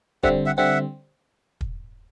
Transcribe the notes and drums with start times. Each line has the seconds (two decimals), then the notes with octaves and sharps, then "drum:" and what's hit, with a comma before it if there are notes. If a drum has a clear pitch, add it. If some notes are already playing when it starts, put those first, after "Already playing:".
0.23 D3 G3 C4 E5 F#5, drum: kick
0.46 E5 F#5
0.57 D3 G3 C4 E5 F#5
1.61 drum: kick